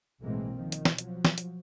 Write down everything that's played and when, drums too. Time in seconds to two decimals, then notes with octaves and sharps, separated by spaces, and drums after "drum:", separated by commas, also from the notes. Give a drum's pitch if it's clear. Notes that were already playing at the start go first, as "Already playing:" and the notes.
0.21 B1 A2 E3 G#3 A#3 C4
0.53 B2 D#3 F3
0.72 drum: hi-hat
0.85 drum: snare
0.98 F3 F#3, drum: hi-hat
1.25 drum: snare
1.38 drum: hi-hat